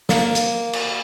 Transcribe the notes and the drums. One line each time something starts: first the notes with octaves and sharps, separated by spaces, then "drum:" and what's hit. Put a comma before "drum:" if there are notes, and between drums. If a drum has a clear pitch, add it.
A#3, drum: snare
drum: hi-hat
drum: cymbal